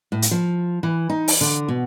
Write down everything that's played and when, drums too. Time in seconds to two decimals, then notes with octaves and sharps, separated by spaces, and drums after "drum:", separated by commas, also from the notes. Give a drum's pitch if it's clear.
0.12 A2
0.22 drum: hi-hat
0.31 F3
0.83 E3
1.10 D#4
1.28 drum: open hi-hat
1.41 D3
1.68 B2